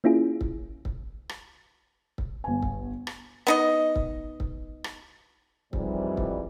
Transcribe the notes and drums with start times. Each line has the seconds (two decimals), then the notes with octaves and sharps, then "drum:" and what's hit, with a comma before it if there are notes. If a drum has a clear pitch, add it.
0.04 A#3 C#4 E4 F4 G#4
0.41 drum: kick
0.85 drum: kick
1.29 drum: rim click
2.18 drum: kick
2.44 G1 G#5
2.62 drum: kick
3.07 drum: rim click
3.47 B3 D#4 D#5
3.96 drum: kick
4.40 drum: kick
4.84 drum: rim click
5.73 F2 G#2 E3 G3, drum: kick
6.17 drum: kick